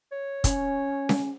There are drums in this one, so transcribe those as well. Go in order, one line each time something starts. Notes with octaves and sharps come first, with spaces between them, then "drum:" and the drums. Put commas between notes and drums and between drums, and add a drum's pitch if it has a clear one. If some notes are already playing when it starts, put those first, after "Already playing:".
C#5
C#4, drum: kick, hi-hat
drum: snare C#4